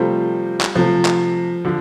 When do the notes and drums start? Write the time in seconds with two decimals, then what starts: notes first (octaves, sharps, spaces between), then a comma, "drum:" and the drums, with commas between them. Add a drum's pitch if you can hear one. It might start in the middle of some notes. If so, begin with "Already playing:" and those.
Already playing: C3 F3 G3 A3 F4 C5
0.61 drum: clap
0.75 C3 F3 A3 F4
1.05 drum: clap
1.65 D3 F3